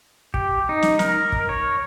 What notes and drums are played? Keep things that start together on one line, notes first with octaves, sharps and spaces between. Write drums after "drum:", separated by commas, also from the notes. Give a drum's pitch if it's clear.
G4, drum: kick
D#4
drum: snare
A#4, drum: snare
drum: kick
C#5